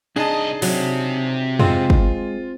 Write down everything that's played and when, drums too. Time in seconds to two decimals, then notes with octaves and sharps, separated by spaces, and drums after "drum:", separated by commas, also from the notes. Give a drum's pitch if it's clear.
0.16 C2 D4 D#4 G#4 D#5 A5
0.62 C3 F#3, drum: open hi-hat
1.59 G#3 C4 F4 G#4 C5, drum: tom F2
1.90 drum: kick